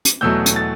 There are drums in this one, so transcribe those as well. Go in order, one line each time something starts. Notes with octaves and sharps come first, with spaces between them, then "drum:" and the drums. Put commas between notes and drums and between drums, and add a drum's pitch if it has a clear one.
drum: hi-hat
E2 B2 F#3 A3 E6 G6
drum: hi-hat
A6